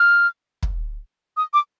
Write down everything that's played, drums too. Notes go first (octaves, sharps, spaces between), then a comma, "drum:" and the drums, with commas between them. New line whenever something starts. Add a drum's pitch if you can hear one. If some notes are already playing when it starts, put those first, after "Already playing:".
Already playing: F6
drum: kick
D#6
D6